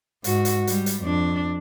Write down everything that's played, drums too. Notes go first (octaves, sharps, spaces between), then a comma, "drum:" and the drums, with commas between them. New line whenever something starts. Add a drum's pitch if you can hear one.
G#2 F#4, drum: hi-hat
drum: hi-hat
G3, drum: hi-hat
drum: hi-hat
F2 D4